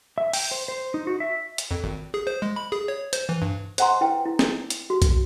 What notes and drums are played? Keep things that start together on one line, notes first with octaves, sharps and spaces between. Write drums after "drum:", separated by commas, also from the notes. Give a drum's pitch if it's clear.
E5
G5, drum: open hi-hat
C5
C5
D#4
F#4
E5
drum: hi-hat
F2
G#1
G#4
C5
G#3
B5
G#4
C#5
C5, drum: hi-hat
E3
G2
C5 D#5 F#5 G#5 A#5 C6, drum: hi-hat
E4 B4 G5
E4
drum: snare
drum: hi-hat
F#4
drum: kick B1, hi-hat